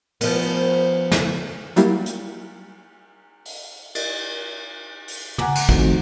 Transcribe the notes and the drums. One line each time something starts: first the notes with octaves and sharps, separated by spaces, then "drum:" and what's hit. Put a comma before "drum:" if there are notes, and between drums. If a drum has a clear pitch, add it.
F3 B3, drum: cymbal
drum: snare
F#3 G3 A#3 E4 G4, drum: hi-hat
drum: hi-hat
drum: open hi-hat
drum: cymbal
drum: open hi-hat
F#5 G#5 A#5 D6, drum: tom
drum: cymbal
D#3 F3 A3 C4 D#4 F#4, drum: kick